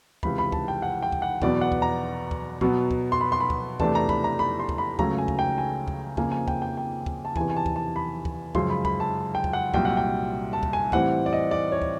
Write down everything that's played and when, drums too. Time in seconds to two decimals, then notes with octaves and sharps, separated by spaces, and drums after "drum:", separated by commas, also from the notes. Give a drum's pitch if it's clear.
0.23 C#2 C3 E3 B5, drum: kick
0.38 B5
0.52 A5, drum: kick
0.68 G5
0.82 F#5
1.02 G5
1.12 drum: kick
1.22 F#5
1.42 E2 B2 F#3 B3 D5, drum: kick
1.61 F#5
1.72 drum: kick
1.82 A#5
2.31 drum: kick
2.61 B2 F#3 B3, drum: kick
2.91 drum: kick
3.12 C6
3.21 B5
3.32 C6
3.40 B5
3.50 drum: kick
3.80 E2 C3 E3 A3 D4 A5, drum: kick
3.95 A#5
4.09 B5, drum: kick
4.24 A#5
4.39 B5
4.60 C6
4.69 drum: kick
4.78 B5
4.99 C#2 C#3 F#3 A3 C#4 A#5, drum: kick
5.18 G#5
5.28 drum: kick
5.39 G5
5.58 G#5
5.88 drum: kick
6.17 F2 C#3 F3 A#3 G#5, drum: kick
6.32 G#5
6.48 G5, drum: kick
6.62 G5
6.77 G5
7.06 drum: kick
7.25 A5
7.36 E2 C3 E3 G#5, drum: kick
7.50 G#5
7.56 A5
7.66 drum: kick
7.76 A5
7.96 B5
8.25 drum: kick
8.55 F#2 C#3 F3 G#3 C6, drum: kick
8.70 B5
8.85 B5, drum: kick
9.00 A5
9.35 G5
9.44 drum: kick
9.53 F#5
9.74 C2 A#2 F#3 G5, drum: kick
9.85 F#5
9.97 G5
10.53 A5
10.63 drum: kick
10.73 G#5
10.92 A2 E3 G3 C4 F#5, drum: kick
11.26 D5
11.33 D#5
11.51 D5
11.72 C#5
11.82 drum: kick